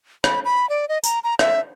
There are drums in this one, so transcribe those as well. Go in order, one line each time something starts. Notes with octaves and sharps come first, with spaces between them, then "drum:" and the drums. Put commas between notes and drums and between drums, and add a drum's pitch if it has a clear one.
B5, drum: rim click
B5
D5
D#5
A#5, drum: tambourine
A#5
E5, drum: rim click